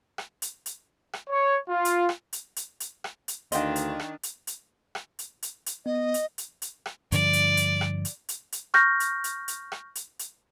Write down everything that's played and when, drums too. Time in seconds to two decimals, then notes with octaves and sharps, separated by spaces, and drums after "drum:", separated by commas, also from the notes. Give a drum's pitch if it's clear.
0.18 drum: rim click
0.42 drum: hi-hat
0.66 drum: hi-hat
1.13 drum: rim click
1.30 C#5
1.68 F4
1.85 drum: hi-hat
2.09 drum: rim click
2.33 drum: hi-hat
2.56 drum: hi-hat
2.80 drum: hi-hat
3.04 drum: rim click
3.28 drum: hi-hat
3.52 D2 D#3 D4 D#5 F5 G5 C6, drum: hi-hat
3.76 drum: hi-hat
3.99 drum: rim click
4.23 drum: hi-hat
4.47 drum: hi-hat
4.95 drum: rim click
5.19 drum: hi-hat
5.43 drum: hi-hat
5.66 drum: hi-hat
5.86 B3 D#5
6.14 drum: hi-hat
6.38 drum: hi-hat
6.62 drum: hi-hat
6.86 drum: rim click
7.12 G2 D3 F3 D5, drum: hi-hat
7.33 drum: hi-hat
7.57 drum: hi-hat
7.81 drum: rim click
8.05 drum: hi-hat
8.29 drum: hi-hat
8.52 drum: hi-hat
8.74 C#6 F6 G6 A#6, drum: rim click
9.00 drum: hi-hat
9.24 drum: hi-hat
9.48 drum: hi-hat
9.72 drum: rim click
9.95 drum: hi-hat
10.19 drum: hi-hat